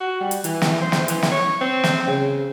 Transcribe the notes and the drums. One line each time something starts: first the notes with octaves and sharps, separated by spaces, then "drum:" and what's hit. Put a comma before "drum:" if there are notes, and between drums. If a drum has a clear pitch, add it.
F#4
G3
drum: hi-hat
E3, drum: hi-hat
drum: snare
C5
drum: snare
E3, drum: hi-hat
drum: snare
C#5
C4
drum: snare
C#3